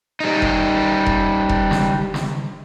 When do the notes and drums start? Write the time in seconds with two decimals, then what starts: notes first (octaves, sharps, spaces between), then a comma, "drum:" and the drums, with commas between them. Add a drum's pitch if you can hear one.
0.20 G3 D#4
0.42 drum: kick F1
1.06 drum: kick F1
1.49 drum: kick F1
1.71 drum: snare
2.14 drum: snare